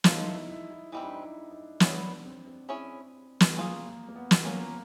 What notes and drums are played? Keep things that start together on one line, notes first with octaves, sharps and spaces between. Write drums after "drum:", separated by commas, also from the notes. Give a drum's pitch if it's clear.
G#3 C#4 D#4 F4 A4, drum: snare
D#4
E4
E4
E4
E3 G3 C4 D#4
D4
D#4
E4
D#4
B3 D4 E4 G#4 C#5, drum: snare
D4
C4
C4
C#4 E4 G#4 C#5
drum: snare
A#3 C#4 F4 G#4
A#3
A#3
B3
drum: snare
A#3 C#4 F4 A#4 C#5